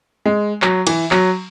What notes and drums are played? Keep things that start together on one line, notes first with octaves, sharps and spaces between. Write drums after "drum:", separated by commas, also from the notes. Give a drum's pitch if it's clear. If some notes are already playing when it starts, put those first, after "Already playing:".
G#3
F#3, drum: clap
E3, drum: cymbal
F#3, drum: clap